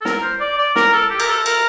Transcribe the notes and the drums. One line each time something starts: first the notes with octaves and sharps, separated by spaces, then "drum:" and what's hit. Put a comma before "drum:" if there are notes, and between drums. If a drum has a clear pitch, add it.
A4
A#4, drum: snare
C5
D5
D5
A#4, drum: snare
A4
G4
A#4, drum: cymbal
A4
A#4, drum: cymbal